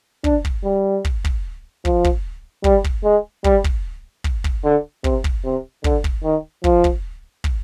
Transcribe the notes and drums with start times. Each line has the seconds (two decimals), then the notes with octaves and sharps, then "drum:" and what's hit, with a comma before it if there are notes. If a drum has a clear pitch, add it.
0.24 D4, drum: kick
0.45 drum: kick
0.64 G3
1.05 drum: kick
1.24 drum: kick
1.85 F3, drum: kick
2.04 drum: kick
2.64 G3, drum: kick
2.84 drum: kick
3.04 G#3
3.44 G3, drum: kick
3.64 drum: kick
4.24 drum: kick
4.44 drum: kick
4.64 D3
5.04 C3, drum: kick
5.24 drum: kick
5.44 C3
5.84 D3, drum: kick
6.04 drum: kick
6.24 D#3
6.64 F3, drum: kick
6.84 drum: kick
7.44 drum: kick